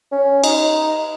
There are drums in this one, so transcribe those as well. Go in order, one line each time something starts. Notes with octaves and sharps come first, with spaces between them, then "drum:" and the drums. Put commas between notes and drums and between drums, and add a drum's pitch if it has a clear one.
C#4
D#4, drum: cymbal